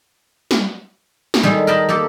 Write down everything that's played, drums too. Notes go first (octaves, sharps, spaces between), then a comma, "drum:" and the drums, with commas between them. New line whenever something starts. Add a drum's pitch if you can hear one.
drum: snare
drum: snare
D#3 G3 G#3 A4
A#4 D#5 G5 A5 B5
A#3 G4 A4